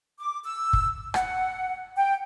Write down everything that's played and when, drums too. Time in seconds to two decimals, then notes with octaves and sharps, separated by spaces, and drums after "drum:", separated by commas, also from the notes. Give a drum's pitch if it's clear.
0.19 D6
0.44 E6
0.73 drum: kick
1.14 F#5, drum: rim click
1.97 G5